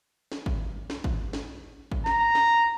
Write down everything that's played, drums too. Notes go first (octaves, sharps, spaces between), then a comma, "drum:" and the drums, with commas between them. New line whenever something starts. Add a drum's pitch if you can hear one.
drum: snare
drum: kick G#1
drum: snare
drum: kick G#1
drum: snare
drum: kick G#1
A#5, drum: snare
drum: snare